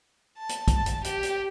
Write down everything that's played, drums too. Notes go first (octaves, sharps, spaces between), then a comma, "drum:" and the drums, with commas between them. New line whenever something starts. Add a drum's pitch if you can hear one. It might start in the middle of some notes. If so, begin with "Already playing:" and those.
A5
drum: hi-hat
drum: kick, hi-hat
drum: hi-hat
G4, drum: hi-hat
drum: hi-hat